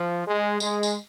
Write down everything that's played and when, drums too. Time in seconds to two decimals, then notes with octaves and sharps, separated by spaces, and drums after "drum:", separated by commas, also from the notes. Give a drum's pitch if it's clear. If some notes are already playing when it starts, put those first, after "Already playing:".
Already playing: F3
0.26 G#3
0.60 G#3, drum: tambourine
0.83 drum: tambourine